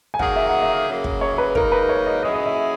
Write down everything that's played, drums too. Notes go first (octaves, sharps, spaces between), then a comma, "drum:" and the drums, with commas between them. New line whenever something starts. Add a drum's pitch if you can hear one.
G#5
D#3 F#3 A#3 D#4 G#4 F#5, drum: kick
E5
F#5
E5
C#3 F#3 A#3
drum: kick
C#5
B4
G#2 F#3 A#3 D#4 A#4, drum: kick
B4
C#5
D#5
F#3 C#4 E4 G#4 D#5
D#5
E5